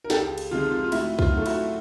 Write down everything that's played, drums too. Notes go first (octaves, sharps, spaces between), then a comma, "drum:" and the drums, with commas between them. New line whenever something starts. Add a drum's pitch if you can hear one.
A#4
C#2 G4 A4, drum: snare
drum: cymbal
C3 F3 G#3 F4
F4
F4
A2 E4 F#4, drum: cymbal
F4, drum: kick
F#3
A3
E4 F#4, drum: cymbal